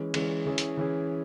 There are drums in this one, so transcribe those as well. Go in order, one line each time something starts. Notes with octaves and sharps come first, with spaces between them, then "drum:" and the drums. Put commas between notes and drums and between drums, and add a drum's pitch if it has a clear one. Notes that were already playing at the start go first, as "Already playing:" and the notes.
Already playing: E3 G#3 C#4
E3 G#3 C#4, drum: cymbal
E3 C#4 E4 G#4
drum: hi-hat
E3 C#4 E4 G#4